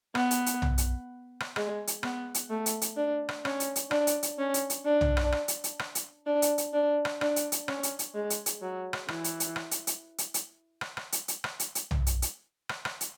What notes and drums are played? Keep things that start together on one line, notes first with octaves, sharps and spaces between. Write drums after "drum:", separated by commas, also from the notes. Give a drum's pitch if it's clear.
B3, drum: rim click
drum: hi-hat
drum: hi-hat
drum: tom B1
drum: hi-hat
drum: rim click
G#3, drum: rim click
drum: hi-hat
B3, drum: rim click
drum: hi-hat
A3
drum: hi-hat
drum: hi-hat
D4
drum: rim click
C#4, drum: rim click
drum: hi-hat
drum: hi-hat
D4, drum: rim click
drum: hi-hat
drum: hi-hat
C#4
drum: hi-hat
drum: hi-hat
D4
drum: tom B1
drum: rim click
drum: rim click
drum: hi-hat
drum: hi-hat
drum: rim click
drum: hi-hat
D4
drum: hi-hat
drum: hi-hat
D4
drum: rim click
D4, drum: rim click
drum: hi-hat
drum: hi-hat
C#4, drum: rim click
drum: hi-hat
drum: hi-hat
G#3
drum: hi-hat
drum: hi-hat
F#3
drum: rim click
E3, drum: rim click
drum: hi-hat
drum: hi-hat
drum: rim click
drum: hi-hat
drum: hi-hat
drum: hi-hat
drum: hi-hat
drum: rim click
drum: rim click
drum: hi-hat
drum: hi-hat
drum: rim click
drum: hi-hat
drum: hi-hat
drum: tom B1
drum: hi-hat
drum: hi-hat
drum: rim click
drum: rim click
drum: hi-hat